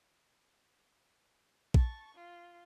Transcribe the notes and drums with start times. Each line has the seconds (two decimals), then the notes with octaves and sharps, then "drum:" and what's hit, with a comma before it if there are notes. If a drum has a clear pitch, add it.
1.74 A5 C#6, drum: kick
2.14 F4